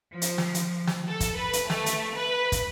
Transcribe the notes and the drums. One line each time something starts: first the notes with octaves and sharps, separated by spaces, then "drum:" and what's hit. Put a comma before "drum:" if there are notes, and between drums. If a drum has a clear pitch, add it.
F3
drum: hi-hat
drum: snare
drum: hi-hat
drum: snare
A4
drum: kick, hi-hat
B4
drum: hi-hat
A3, drum: snare
drum: hi-hat
B4
drum: kick, hi-hat